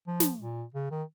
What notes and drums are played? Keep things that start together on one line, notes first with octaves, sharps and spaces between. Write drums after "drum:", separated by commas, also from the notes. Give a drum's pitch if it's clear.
F3
drum: snare
A#2
C#3
D#3